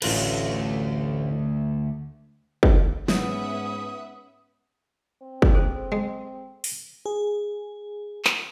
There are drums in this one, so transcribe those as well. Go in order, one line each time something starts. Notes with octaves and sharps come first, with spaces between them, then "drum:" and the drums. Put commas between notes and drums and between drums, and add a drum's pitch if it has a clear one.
A1 D2 A3 F4 B4, drum: cymbal
drum: kick
G#2 B3 C#4 B4 E5 F#5 D#6, drum: snare
C4
drum: kick
G#4 A4 C5
G#3
drum: open hi-hat
G#4
drum: clap